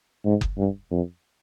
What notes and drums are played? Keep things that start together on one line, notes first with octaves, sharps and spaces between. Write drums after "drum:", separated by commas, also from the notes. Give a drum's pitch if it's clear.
G#2
drum: kick F#1
G2
F2